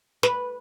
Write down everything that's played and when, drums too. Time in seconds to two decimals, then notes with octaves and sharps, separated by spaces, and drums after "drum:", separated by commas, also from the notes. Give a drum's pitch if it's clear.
0.23 B4, drum: snare